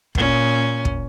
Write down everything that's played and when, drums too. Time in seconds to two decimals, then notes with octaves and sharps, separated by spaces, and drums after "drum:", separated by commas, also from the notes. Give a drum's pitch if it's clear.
0.15 A#2 C#4, drum: kick
0.85 drum: kick